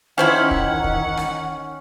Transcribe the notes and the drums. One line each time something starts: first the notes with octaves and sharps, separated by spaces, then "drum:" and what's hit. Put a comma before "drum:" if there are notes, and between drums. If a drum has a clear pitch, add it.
D#3 F3 C4 C#4 E4 F#5
drum: kick
drum: kick
drum: rim click